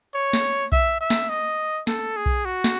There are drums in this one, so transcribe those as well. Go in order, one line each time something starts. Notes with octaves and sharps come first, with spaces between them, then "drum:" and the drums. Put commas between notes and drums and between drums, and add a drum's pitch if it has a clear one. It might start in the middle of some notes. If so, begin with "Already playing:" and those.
C#5
drum: snare
E5, drum: kick B1
E5
drum: snare
D#5
A4, drum: snare
G#4
drum: kick B1
F#4
drum: snare